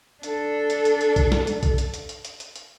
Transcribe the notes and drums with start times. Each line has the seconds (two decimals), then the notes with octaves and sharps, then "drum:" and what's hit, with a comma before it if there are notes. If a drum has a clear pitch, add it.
0.23 D4 A4, drum: hi-hat
0.70 drum: hi-hat
0.85 drum: hi-hat
1.01 drum: hi-hat
1.16 drum: kick B1, hi-hat
1.32 drum: snare
1.47 drum: hi-hat
1.63 drum: kick B1, hi-hat
1.78 drum: hi-hat
1.94 drum: hi-hat
2.09 drum: hi-hat
2.25 drum: hi-hat
2.40 drum: hi-hat
2.56 drum: hi-hat